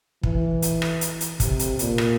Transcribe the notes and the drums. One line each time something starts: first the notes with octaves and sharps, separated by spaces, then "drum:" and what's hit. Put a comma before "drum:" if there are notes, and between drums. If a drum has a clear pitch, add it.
E3, drum: kick
drum: hi-hat
drum: rim click
drum: hi-hat
drum: hi-hat
C3, drum: kick, hi-hat
drum: hi-hat
A#2, drum: hi-hat
drum: rim click